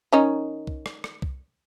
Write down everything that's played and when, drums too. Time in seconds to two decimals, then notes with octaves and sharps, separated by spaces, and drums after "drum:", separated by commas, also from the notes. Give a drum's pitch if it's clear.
0.12 D#3 C#4 D#4
0.67 drum: kick C2
0.86 drum: rim click
1.04 drum: rim click
1.22 drum: kick C2